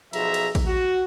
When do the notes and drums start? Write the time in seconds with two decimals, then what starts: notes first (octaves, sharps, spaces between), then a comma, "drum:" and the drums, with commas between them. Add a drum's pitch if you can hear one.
0.13 B1 F3 G#4 E5 A#5, drum: cymbal
0.34 drum: cymbal
0.55 drum: kick A1, cymbal
0.67 F#4